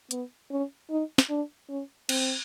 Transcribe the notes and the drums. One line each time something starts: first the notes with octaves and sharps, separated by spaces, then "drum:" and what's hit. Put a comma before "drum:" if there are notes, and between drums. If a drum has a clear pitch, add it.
B3, drum: hi-hat
C#4
D#4
drum: snare
D4
C#4
C4, drum: cymbal